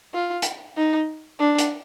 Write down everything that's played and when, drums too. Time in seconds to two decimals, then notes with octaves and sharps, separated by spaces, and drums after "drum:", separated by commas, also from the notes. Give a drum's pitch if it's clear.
0.14 F4
0.42 drum: hi-hat
0.77 D#4
1.39 D4
1.58 drum: hi-hat